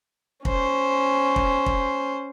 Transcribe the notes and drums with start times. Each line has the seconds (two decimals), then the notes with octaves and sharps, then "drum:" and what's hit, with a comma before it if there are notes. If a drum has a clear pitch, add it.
0.45 C#4 C5, drum: kick
1.36 drum: kick
1.66 drum: kick